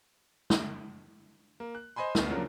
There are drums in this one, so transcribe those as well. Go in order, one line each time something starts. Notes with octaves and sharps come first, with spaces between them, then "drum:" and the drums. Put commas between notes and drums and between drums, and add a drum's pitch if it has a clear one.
drum: snare
A#3
F#6
C5 D#5 G#5 B5 C6
D2 B3, drum: snare
C#3 F3 F#3 A#3 D4